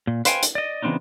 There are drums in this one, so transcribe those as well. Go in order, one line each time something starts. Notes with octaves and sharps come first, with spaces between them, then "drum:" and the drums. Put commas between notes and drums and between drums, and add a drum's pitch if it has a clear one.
A#2
B4 C5 F5 G5 G#5, drum: hi-hat
drum: hi-hat
D5 D#5
C#3 E3 B3 C4 D4 D#4